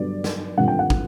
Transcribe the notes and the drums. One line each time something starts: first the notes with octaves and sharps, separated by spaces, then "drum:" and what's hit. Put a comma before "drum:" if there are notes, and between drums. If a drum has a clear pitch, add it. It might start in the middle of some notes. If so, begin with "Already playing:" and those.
Already playing: G2 D3 F#3 B3 D4 D5
drum: snare
G#1 G2 D3 F3 F#5
G5
F#5
drum: kick